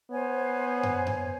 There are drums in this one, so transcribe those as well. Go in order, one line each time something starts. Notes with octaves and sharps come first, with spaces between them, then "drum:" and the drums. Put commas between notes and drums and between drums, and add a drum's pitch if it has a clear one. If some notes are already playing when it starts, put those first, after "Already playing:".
B3 C5 C#5 G#5
drum: tom F#2
drum: tom F#2